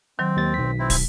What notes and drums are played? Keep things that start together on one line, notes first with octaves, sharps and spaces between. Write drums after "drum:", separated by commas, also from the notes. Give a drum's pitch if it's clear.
D#3 F#3 C4
D#2 A6
B1 B6
C4 E4
drum: kick, open hi-hat